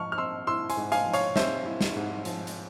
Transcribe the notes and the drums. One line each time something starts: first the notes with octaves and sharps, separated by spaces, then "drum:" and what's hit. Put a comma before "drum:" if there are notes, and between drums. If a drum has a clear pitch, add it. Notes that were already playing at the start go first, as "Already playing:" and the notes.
Already playing: G#2 F3 C#6 F6
F6
C4 C6 E6
E4 C6 E6
G#5 C6, drum: hi-hat
G#2
F5 G#5, drum: hi-hat
F3
C#5 F5, drum: hi-hat
C4 C5 E5, drum: snare
E4
drum: snare
G#2
F3, drum: hi-hat
drum: hi-hat